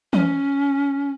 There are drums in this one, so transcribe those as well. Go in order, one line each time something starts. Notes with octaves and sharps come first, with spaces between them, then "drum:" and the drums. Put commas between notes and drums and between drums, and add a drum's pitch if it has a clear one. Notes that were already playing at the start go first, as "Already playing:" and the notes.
C#4, drum: tom E3